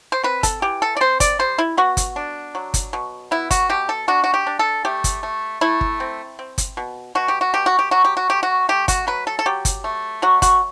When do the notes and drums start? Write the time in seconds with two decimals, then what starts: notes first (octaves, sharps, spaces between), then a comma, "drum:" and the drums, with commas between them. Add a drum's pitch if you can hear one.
0.12 C5
0.23 C4 B4
0.43 A4, drum: kick G1, hi-hat
0.62 E3 G4
0.82 A4
0.97 D5
1.01 C4 C5
1.20 D5, drum: kick G1, hi-hat
1.39 G3 C5
1.58 E4
1.77 B3 F#4
1.97 drum: kick G1, hi-hat
2.16 D4
2.55 F#3
2.74 drum: kick G1, hi-hat
2.93 B2
3.31 B3 E4
3.51 F#4, drum: kick G1, hi-hat
3.69 B2 G4
3.89 A4
4.08 D4 F#4
4.24 F#4
4.34 G4
4.47 D4
4.59 A4
4.85 A3 G4
5.04 drum: kick G1, hi-hat
5.23 A3
5.61 A3 E4
5.81 drum: kick G1
6.00 C4
6.39 C4
6.58 drum: kick G1, hi-hat
6.77 B2
7.15 B2 F#4
7.28 G4
7.41 F#4
7.54 B2 G4
7.66 F#4
7.79 G4
7.91 F#3 F#4
8.05 G4
8.17 F#4
8.30 A3 G4
8.43 F#4
8.69 A3 G4
8.88 F#4, drum: kick G1, hi-hat
9.07 F#3 B4
9.27 A4
9.39 A4
9.46 F#3 G4
9.65 drum: kick G1, hi-hat
9.84 A3
10.22 F#3 F#4
10.42 F#4, drum: kick G1, hi-hat